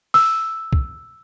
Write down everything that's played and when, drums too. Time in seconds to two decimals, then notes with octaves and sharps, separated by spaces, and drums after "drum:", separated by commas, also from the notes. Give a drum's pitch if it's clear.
0.14 E6, drum: open hi-hat
0.73 drum: kick